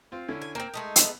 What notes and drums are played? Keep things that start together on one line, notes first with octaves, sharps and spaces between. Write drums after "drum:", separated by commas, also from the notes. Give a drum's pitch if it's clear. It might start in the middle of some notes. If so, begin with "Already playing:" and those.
C4 F4
D3 C#4 E4
G#5
A#3 C4 A#4 G5
G#3 A3 D#4
B3 B4 E6, drum: hi-hat